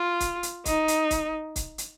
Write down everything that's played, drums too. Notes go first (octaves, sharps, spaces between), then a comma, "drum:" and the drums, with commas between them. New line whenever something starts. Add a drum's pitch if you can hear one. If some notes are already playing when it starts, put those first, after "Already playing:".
Already playing: F4
drum: kick C#1, hi-hat
drum: hi-hat
D#4, drum: kick C#1, hi-hat
drum: hi-hat
drum: kick C#1, hi-hat
drum: kick C#1, hi-hat
drum: hi-hat